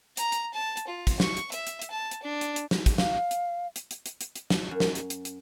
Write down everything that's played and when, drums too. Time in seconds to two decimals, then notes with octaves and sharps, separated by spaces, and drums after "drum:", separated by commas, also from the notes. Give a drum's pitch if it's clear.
0.17 A#5, drum: hi-hat
0.32 drum: hi-hat
0.54 A5
0.77 drum: hi-hat
0.87 F4
1.07 drum: kick, hi-hat
1.20 C#6, drum: snare
1.37 drum: hi-hat
1.52 E5, drum: hi-hat
1.67 drum: hi-hat
1.82 drum: hi-hat
1.91 A5
2.11 drum: hi-hat
2.23 D4
2.41 drum: hi-hat
2.56 drum: hi-hat
2.71 drum: snare
2.86 drum: kick, hi-hat
2.98 F5, drum: snare
3.31 drum: hi-hat
3.76 drum: hi-hat
3.91 drum: hi-hat
4.06 drum: hi-hat
4.21 drum: hi-hat
4.36 drum: hi-hat
4.50 drum: snare
4.71 F#2
4.80 drum: snare
4.95 drum: hi-hat
5.10 drum: hi-hat
5.25 drum: hi-hat